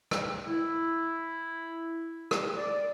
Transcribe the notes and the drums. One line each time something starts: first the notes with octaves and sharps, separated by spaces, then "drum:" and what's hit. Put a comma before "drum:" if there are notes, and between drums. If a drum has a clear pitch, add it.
drum: rim click
E4
drum: rim click
D5